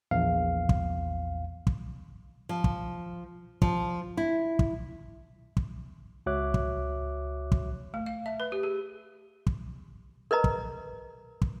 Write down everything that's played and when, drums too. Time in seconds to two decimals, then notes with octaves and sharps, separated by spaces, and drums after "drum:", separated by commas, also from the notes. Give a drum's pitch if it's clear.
0.11 A#1 E2 F5
0.69 drum: kick
1.67 drum: kick
2.49 F3
2.64 drum: kick
3.62 F3, drum: kick
4.17 E4
4.59 drum: kick
5.57 drum: kick
6.26 C#2 F#4 C#5 E5 D6 F#6
6.54 drum: kick
7.52 drum: kick
7.94 A3
8.06 F5
8.26 E5
8.40 B4
8.52 G4
8.63 G#4
9.47 drum: kick
10.31 A#4 B4 D#5 A#5
10.44 drum: kick
11.42 drum: kick